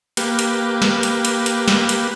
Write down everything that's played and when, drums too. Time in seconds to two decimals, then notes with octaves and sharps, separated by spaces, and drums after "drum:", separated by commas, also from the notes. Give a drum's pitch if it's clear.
0.17 A#3 G4 B4, drum: hi-hat
0.39 drum: hi-hat
0.82 drum: snare
1.03 drum: hi-hat
1.25 drum: hi-hat
1.46 drum: hi-hat
1.68 drum: snare
1.89 drum: hi-hat